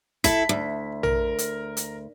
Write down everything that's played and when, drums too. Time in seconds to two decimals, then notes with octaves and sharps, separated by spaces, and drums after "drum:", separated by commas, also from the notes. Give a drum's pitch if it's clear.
0.24 E4 A4 B6, drum: kick, hi-hat
0.49 D2
1.03 A#4, drum: tom
1.38 drum: hi-hat
1.77 drum: hi-hat